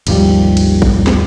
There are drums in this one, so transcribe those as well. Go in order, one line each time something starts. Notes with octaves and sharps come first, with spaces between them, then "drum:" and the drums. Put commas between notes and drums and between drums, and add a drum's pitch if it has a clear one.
G#1 D#2 F3 G3, drum: cymbal
drum: cymbal
drum: kick A1
drum: snare